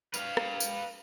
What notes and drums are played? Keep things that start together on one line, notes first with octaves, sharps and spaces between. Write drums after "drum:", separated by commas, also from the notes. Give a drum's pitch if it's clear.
B4 F5, drum: tambourine
drum: rim click
drum: tambourine